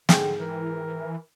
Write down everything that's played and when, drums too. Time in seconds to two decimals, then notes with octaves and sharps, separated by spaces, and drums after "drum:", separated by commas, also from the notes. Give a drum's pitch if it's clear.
0.09 G#2 D3 G#4 G5, drum: snare
0.39 E3 A#4